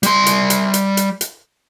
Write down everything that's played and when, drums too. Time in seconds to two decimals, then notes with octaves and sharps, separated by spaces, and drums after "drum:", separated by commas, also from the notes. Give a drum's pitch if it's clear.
0.03 G3 C6, drum: hi-hat
0.26 drum: hi-hat
0.50 drum: hi-hat
0.74 drum: hi-hat
0.97 drum: hi-hat
1.21 drum: hi-hat